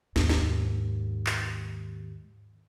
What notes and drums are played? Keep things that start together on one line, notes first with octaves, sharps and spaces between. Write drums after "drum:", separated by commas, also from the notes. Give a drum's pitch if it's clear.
D#2 G#2, drum: snare
drum: snare
drum: clap